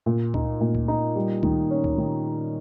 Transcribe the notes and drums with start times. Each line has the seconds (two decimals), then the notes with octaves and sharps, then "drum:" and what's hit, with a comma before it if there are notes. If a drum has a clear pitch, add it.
0.06 A#2
0.34 D#4, drum: kick C#2
0.61 A#2
0.75 drum: kick C#2
0.88 D#4
1.16 G3
1.43 D#3, drum: kick C#2
1.71 C#4
1.84 drum: kick C#2
1.98 D#3